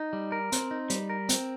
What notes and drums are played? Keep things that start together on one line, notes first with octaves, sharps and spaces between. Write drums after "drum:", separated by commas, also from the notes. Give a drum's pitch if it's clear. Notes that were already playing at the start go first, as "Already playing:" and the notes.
Already playing: D#4
G3
A#4
C4, drum: hi-hat
D#4
G3, drum: hi-hat
A#4
C4, drum: hi-hat